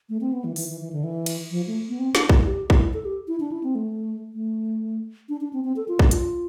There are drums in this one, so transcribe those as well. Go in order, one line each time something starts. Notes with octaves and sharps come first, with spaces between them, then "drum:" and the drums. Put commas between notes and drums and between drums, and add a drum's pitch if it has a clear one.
A3
C4
B3
E3
E3, drum: open hi-hat
E3
E3
D3
E3
drum: cymbal
F3
A3
B3
C4
D4, drum: snare
E4, drum: kick A#1
G4
E4, drum: kick A#1
A4
G4
E4
D4
E4
C4
A3
A3
D4
D4
C4
C4
A4
F4
D4, drum: kick A#1
F4, drum: hi-hat